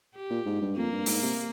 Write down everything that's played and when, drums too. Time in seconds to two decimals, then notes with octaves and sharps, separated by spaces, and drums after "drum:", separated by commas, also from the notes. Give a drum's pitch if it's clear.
0.15 G4
0.30 A#2
0.46 G#2
0.61 G2
0.76 F2 A#3
0.91 G2
1.06 G#2, drum: open hi-hat
1.22 C3